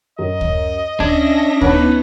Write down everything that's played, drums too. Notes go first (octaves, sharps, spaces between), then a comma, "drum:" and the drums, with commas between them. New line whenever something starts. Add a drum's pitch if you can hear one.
F#2 D#5
drum: kick D2
C#4 D4 E5 G#6 A#6, drum: kick D2
B3 D#4 B4 C#5 F#5 A5, drum: kick D2